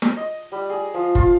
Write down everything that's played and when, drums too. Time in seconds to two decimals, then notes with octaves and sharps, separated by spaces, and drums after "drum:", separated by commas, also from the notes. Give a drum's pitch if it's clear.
0.02 drum: snare
0.17 D#5
0.52 G3
0.70 G#4
0.94 F3
1.15 F4, drum: kick